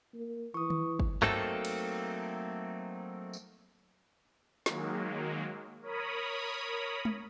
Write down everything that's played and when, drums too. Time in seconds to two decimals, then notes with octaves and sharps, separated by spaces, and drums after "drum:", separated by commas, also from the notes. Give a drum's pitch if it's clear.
0.14 A#3
0.54 E3 C#6 D#6
0.70 drum: tom D#3
1.00 drum: kick G1
1.22 F#3 A3 A#3 C4 D#4 A4, drum: tom G2
1.65 drum: cymbal
3.34 drum: tambourine
4.66 D#3 F#3 G#3 A#3, drum: snare
5.82 A#4 C#5 B5 D#6
7.05 drum: tom G#3